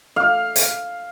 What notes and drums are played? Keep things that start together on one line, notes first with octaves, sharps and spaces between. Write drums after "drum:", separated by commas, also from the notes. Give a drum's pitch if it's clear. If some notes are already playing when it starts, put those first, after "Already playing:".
F5
drum: hi-hat